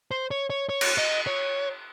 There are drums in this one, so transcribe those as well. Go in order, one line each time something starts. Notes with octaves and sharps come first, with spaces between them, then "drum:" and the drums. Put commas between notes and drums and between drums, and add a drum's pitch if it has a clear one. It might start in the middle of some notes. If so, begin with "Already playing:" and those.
C5
C#5
C#5
C#5
drum: cymbal
D#5
C#5